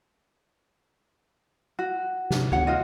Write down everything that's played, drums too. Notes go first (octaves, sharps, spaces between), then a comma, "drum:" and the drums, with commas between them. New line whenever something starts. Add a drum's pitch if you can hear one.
F#4
C3, drum: snare
D2 C#5 F#5, drum: tom
F4 F#4 D#5